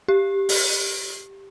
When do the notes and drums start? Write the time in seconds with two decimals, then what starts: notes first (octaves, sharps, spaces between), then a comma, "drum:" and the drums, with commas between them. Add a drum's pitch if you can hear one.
0.08 G4
0.49 drum: open hi-hat